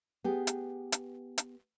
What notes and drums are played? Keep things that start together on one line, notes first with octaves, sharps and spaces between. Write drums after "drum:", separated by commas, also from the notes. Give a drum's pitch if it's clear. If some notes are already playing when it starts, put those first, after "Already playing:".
B3 G4 G#4
drum: hi-hat
drum: hi-hat
drum: hi-hat